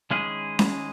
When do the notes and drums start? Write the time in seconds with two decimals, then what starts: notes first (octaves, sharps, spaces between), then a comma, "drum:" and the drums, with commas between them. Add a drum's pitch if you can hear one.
0.10 D#3 G#3 C#4 E4 G#4
0.59 drum: snare C#4